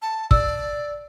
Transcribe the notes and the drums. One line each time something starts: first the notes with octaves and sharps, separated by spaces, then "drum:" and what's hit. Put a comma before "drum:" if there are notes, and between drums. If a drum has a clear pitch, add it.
A5
D5 E6, drum: kick